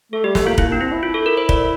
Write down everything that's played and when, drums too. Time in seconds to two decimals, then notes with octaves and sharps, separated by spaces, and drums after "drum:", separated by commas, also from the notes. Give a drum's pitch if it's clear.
0.12 A3 A4
0.23 G3 G4
0.35 A3 G4, drum: snare
0.46 A#3 F4
0.58 A#3 E4, drum: kick
0.69 A#3 D4
0.81 C4 E4
0.92 E4
1.03 F4
1.14 A4
1.26 A#4
1.37 C5
1.49 D5, drum: kick